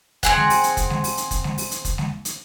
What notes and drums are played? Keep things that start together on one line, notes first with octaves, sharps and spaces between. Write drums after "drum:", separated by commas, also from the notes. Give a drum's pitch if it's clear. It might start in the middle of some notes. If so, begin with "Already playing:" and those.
C4 G#4 F#5, drum: kick, hi-hat
drum: snare G#3
drum: open hi-hat
drum: hi-hat
drum: kick, hi-hat
drum: snare G#3
drum: open hi-hat
drum: hi-hat
drum: kick, hi-hat
drum: snare G#3
drum: open hi-hat
drum: hi-hat
drum: kick, hi-hat
drum: snare G#3
drum: hi-hat